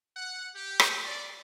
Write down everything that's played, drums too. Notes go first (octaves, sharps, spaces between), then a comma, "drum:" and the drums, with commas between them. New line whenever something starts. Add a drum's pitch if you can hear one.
F#5
G4
drum: rim click
D5